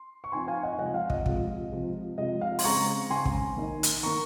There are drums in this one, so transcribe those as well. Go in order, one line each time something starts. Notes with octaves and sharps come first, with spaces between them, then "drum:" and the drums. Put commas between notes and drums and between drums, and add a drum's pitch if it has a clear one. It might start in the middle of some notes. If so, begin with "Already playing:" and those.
Already playing: C6
C#6
F3 C4 D#4 G#5 C6
F5 G#5
D#5 F#5
C3 F3 G#3 D#5 F#5
F5
D#5, drum: kick
C3 F3 G#3, drum: kick
C3 F3 G#3
C3 F3 G#3 D#5
F5
C6, drum: open hi-hat
C#3 G#3 C4 A#5 C#6
C#3 G#3 C4 G#5 C6
drum: kick
D#3 A#3 D#4
drum: hi-hat
D#3 A#3 D#4 A#5 C#6